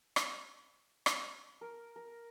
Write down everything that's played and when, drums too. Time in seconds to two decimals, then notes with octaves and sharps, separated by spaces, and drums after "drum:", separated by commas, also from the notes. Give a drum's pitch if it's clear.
0.16 drum: rim click
1.06 drum: rim click
1.61 A#4
1.96 A#4